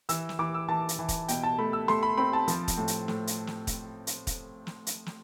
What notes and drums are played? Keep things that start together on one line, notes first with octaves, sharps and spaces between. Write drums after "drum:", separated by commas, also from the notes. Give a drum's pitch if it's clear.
E3 E6, drum: hi-hat
drum: snare
E3 D6
E6
E3 A5
drum: hi-hat
E3
drum: kick, hi-hat
B2 G5, drum: hi-hat
A5
A3 B5
E6
A3 C6, drum: snare
B5
C4 B5
A5
F3, drum: hi-hat
drum: kick, hi-hat
A2
drum: hi-hat
A2, drum: snare
drum: hi-hat
drum: snare
drum: kick, hi-hat
drum: hi-hat
drum: kick, hi-hat
drum: snare
drum: hi-hat
drum: snare